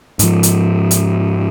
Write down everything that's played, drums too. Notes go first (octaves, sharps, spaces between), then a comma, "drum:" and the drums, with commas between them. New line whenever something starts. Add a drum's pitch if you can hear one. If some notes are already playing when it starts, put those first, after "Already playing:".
G#2 F3, drum: hi-hat
drum: hi-hat
drum: hi-hat